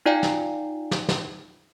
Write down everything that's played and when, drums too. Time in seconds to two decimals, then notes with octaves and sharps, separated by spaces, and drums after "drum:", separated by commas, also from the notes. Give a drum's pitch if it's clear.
0.06 D#4 F4 D5 F5 G5 G#5
0.23 drum: snare
0.91 drum: snare
1.09 drum: snare